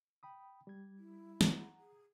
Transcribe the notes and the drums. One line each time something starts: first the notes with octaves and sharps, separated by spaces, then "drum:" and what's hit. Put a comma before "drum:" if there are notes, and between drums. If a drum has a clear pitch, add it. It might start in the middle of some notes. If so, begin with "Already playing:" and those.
G5 B5 D#6
G3 G#6
E4
F#5 A#5, drum: snare
G#4